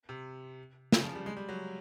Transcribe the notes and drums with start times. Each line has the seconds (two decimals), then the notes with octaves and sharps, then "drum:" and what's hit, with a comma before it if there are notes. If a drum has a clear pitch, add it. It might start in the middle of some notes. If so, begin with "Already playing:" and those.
0.09 C3
0.92 C#3, drum: snare
1.03 F3
1.15 G3
1.26 G#3
1.37 G3
1.49 F#3